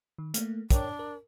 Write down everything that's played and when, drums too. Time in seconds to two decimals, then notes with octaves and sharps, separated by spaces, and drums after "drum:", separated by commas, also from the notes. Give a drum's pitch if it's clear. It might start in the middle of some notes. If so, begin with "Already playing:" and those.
0.18 D#3
0.34 A3 A#3, drum: hi-hat
0.71 D4 A#4 C#5 G5, drum: kick, hi-hat
0.99 A#4